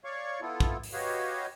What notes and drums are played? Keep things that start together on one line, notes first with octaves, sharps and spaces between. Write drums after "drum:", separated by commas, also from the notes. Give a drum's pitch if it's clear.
C#5 D5 F5 C#6
B3 E4 F4 A4
drum: kick
drum: open hi-hat
F#4 G4 B4 C#5 D#5 F5